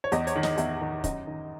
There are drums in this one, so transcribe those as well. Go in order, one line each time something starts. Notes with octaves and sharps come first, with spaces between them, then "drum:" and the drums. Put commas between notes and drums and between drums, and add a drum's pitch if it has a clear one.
C#5
E2 D#5, drum: hi-hat
C#5, drum: hi-hat
D#3
D#5, drum: snare
E2 E5, drum: hi-hat
D#3
F#2 D#5, drum: kick, hi-hat
D#3